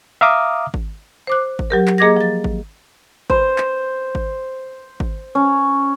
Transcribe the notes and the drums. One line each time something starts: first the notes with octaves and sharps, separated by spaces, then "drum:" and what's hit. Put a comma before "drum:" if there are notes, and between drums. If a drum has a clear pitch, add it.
E5 F5 A#5 D6 D#6 F6
drum: kick G#1
C5 D6 F#6
drum: kick G#1
F#3 G4 A#4
drum: clap
A#3 G#4 D#5 D6 G#6 A#6
F3 A6
drum: kick G#1
C5, drum: kick G#1
drum: clap
drum: kick G#1
drum: kick G#1
C#4